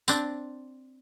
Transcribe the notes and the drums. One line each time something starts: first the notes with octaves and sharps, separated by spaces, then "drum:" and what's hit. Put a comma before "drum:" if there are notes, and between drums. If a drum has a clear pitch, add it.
C4 D4, drum: tambourine